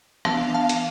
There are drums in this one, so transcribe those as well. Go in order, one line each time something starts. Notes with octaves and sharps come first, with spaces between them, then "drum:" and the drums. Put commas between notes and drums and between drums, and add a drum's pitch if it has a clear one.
E3 B3 D4 F5 A5, drum: rim click
F5 A5
drum: hi-hat